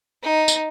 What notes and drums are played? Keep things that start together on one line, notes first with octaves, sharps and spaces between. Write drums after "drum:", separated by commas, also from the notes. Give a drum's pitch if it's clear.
D#4
drum: tambourine